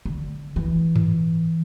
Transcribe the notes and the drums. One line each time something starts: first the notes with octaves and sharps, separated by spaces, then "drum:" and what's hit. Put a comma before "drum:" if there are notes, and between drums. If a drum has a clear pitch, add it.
D3
E3
drum: tom G2